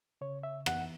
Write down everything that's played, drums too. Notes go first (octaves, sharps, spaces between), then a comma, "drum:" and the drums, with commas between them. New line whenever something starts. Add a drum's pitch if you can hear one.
C#3 C#5
E5
E3 B3 F#5, drum: rim click